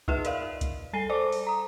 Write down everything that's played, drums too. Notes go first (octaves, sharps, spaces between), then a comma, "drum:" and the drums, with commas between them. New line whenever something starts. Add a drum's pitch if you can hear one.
D#4 F4 G#4 B4 D#5 E5, drum: kick C2
A#4 D5 F5, drum: hi-hat
drum: kick C2, hi-hat
G3 A4 G#5 C7 D#7 G7
A4 C5 D5 A5 D6
drum: open hi-hat
A#5 D#6